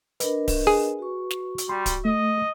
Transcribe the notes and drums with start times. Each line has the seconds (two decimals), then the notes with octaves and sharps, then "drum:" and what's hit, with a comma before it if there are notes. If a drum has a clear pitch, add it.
0.20 D4 A#4 B4 D#5, drum: hi-hat
0.48 drum: kick D1, open hi-hat
0.67 G#4
0.99 F#4 C#6
1.31 drum: snare
1.58 drum: hi-hat
1.69 G3 C6
1.86 drum: kick D1, hi-hat
2.05 A3 D#5